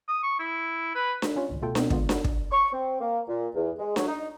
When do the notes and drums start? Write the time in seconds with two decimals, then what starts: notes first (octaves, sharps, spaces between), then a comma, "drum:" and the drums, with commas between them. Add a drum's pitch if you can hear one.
0.08 D#6
0.23 C#6
0.39 E4
0.95 B4
1.22 drum: snare D4
1.36 G3 C#4 F4 C#5
1.49 G#1 C#2 A2
1.62 B2 A3 F4 A4 G5
1.75 B2 F#3 B3 C4, drum: snare D4
1.90 D3 G#3 B3 F4, drum: kick
2.09 D4 F#4 B4 F5 F#5, drum: snare D4
2.24 drum: kick
2.51 C#6
2.73 C4
3.00 A#3
3.28 A#2
3.54 E2
3.79 G#3
3.96 F#3, drum: snare D4
4.07 D#4